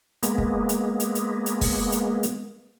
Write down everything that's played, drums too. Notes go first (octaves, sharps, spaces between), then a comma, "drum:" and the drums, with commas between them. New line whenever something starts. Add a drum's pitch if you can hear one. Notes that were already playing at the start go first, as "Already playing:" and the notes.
G#3 A#3 B3, drum: hi-hat
drum: kick
drum: hi-hat
drum: hi-hat
drum: hi-hat
drum: hi-hat
drum: kick, open hi-hat
drum: hi-hat
drum: hi-hat